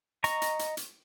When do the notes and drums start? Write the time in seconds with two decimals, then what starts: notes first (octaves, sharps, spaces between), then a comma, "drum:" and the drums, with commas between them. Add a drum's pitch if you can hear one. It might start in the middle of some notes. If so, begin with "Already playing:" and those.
0.24 D#5 A#5 C#6, drum: hi-hat
0.42 drum: hi-hat
0.59 drum: hi-hat
0.77 drum: hi-hat